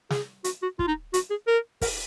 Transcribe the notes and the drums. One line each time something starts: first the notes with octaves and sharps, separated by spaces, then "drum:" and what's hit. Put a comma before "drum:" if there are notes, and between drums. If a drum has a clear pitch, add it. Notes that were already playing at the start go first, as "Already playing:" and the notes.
G#4, drum: snare
F#4, drum: hi-hat
F#4
F4, drum: kick
D#4
F#4, drum: hi-hat
G#4
A#4
A#4, drum: kick, open hi-hat